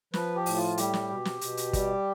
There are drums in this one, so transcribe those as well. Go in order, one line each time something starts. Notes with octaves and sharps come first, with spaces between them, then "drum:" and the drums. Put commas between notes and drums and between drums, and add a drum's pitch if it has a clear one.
F3 B4, drum: snare
G4
A2, drum: open hi-hat
F4
G3 G4, drum: hi-hat
drum: snare
B2
drum: snare
B2, drum: hi-hat
drum: hi-hat
G3, drum: kick, hi-hat